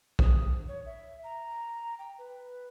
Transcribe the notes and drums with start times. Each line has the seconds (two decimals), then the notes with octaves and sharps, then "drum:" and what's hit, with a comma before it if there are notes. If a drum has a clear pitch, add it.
0.19 D#6, drum: kick
0.68 C#5
0.86 E5
1.24 A#5
1.99 G5
2.18 B4